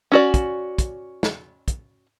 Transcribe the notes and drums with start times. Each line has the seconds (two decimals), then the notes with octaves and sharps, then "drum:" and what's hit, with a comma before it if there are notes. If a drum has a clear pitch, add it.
0.12 C#4 F#4 D5
0.34 drum: kick, hi-hat
0.78 drum: kick, hi-hat
1.23 drum: snare
1.68 drum: kick, hi-hat